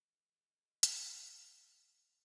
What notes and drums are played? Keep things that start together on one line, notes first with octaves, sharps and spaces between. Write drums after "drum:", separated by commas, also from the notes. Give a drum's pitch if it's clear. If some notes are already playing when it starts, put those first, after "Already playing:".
Already playing: E3 G#3
D#3
drum: hi-hat